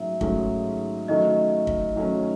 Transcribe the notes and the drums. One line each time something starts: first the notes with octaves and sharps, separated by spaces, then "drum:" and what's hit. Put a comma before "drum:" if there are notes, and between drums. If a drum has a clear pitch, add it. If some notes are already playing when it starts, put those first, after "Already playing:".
Already playing: G#2 F#3 A3 C#4 E5
G#2 F#3 A3 C#4, drum: kick
D#3 F#3 A3 C#4 D#5
drum: kick
D#3 F#3 A3 C#4